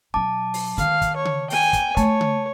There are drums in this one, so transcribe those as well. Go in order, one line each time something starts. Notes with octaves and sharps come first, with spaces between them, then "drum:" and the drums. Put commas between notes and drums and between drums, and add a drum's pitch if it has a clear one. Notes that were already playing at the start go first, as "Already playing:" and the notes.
B2 F#3 A5 D6
drum: open hi-hat
D#3 F5, drum: kick, hi-hat
drum: kick, hi-hat
C#5
drum: tom C#3
G5 G#5, drum: open hi-hat
drum: kick, hi-hat
A3 C#5 A5, drum: kick, hi-hat
drum: tom C#3